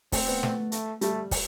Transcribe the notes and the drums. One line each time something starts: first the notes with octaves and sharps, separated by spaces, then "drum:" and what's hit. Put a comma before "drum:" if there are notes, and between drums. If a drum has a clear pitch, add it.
A3 C4, drum: kick, open hi-hat
B3
A3, drum: snare
A3, drum: hi-hat
G3 A3, drum: hi-hat
drum: kick, open hi-hat